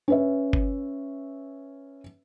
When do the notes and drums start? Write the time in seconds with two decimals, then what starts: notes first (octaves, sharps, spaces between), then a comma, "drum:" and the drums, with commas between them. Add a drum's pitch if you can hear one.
0.08 C#4 B4 E5
0.53 drum: kick G1